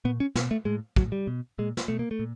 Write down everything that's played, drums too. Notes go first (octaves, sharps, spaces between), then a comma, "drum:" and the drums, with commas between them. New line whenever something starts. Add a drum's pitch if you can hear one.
A#2 B3
C#4
B2, drum: snare
A3
A2 G#3
A2 F#3, drum: kick
G3
B2
A#2 G#3
drum: snare
B2 A3
A#3
A3
A#2